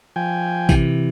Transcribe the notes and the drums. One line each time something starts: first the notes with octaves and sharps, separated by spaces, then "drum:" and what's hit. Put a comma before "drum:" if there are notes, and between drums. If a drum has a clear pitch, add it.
F3 G5 G#5
C3 E3, drum: kick, tambourine